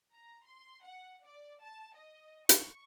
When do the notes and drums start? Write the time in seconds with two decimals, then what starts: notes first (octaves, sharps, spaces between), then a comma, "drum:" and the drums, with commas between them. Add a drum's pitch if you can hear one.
0.14 A#5
0.45 C6
0.83 F#5
1.25 D5
1.61 A5
1.95 D#5
2.49 C#6, drum: hi-hat